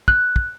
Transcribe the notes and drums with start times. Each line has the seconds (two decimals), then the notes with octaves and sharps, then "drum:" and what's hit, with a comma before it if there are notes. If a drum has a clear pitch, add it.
0.08 F#6, drum: kick
0.36 drum: kick